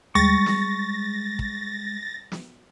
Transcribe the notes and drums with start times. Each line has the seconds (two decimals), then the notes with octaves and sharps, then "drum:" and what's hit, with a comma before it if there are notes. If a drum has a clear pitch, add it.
0.15 G3 G#3 C#6 A6 A#6, drum: tom D#2
0.46 drum: snare
1.39 drum: kick
2.32 drum: snare